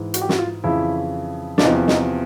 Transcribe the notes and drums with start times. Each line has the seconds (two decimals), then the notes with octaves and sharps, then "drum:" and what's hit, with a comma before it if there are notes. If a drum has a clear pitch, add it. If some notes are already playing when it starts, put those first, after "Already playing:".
Already playing: G#2 E3
0.14 F#4, drum: hi-hat
0.22 G4
0.29 F#4, drum: snare
0.39 F4
0.64 F2 C#3 E3 E4
1.58 D4, drum: snare
1.63 E2 C3 F3 D#4
1.88 D#4, drum: snare